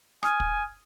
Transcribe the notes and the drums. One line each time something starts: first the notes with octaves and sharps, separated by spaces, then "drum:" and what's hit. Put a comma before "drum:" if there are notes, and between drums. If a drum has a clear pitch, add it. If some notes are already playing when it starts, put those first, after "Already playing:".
G#5 D#6 F6, drum: rim click
drum: kick